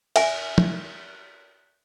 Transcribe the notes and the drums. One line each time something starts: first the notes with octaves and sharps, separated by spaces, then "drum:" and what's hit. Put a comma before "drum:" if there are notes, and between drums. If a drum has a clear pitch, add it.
E5 G#5, drum: cymbal
drum: tom